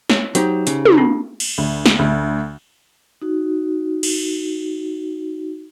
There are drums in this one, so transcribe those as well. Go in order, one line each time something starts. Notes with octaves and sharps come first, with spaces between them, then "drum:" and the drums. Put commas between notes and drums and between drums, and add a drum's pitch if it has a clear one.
C#5, drum: snare
F#3 D#4 G4 C5, drum: hi-hat
C#3, drum: hi-hat
drum: tom
C4 D4
drum: cymbal
D2
drum: snare
D2
D#4 F#4
drum: cymbal